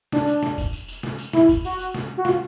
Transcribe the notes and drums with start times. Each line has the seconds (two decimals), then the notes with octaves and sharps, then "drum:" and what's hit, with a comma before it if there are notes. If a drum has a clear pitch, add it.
0.12 D4, drum: snare
0.27 drum: tambourine
0.43 drum: snare
0.58 drum: kick, tambourine
0.73 drum: tambourine
0.88 drum: tambourine
1.03 drum: snare
1.19 drum: tambourine
1.33 E4, drum: snare
1.49 drum: kick, tambourine
1.65 F#4, drum: tambourine
1.79 drum: tambourine
1.94 drum: snare
2.17 F#4
2.25 F4, drum: snare